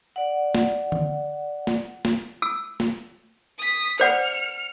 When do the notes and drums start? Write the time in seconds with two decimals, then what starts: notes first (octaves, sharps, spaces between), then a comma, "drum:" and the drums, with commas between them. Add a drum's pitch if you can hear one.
0.16 D5 F#5
0.55 drum: snare
0.92 drum: tom D3
1.67 drum: snare
2.05 drum: snare
2.42 E6
2.80 drum: snare
3.58 D#6 B6
4.00 C5 D5 F#5 F6 C#7